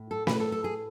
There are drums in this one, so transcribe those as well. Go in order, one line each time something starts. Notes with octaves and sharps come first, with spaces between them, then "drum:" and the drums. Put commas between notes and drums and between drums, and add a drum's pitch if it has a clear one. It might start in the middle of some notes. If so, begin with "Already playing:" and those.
Already playing: A2
A4
B4, drum: snare
A4
A4
G#4